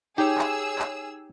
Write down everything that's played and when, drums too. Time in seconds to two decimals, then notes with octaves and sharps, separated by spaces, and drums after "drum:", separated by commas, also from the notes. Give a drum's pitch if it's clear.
0.18 D#4 G4 G#4 C#5 E6
0.38 drum: clap
0.79 drum: clap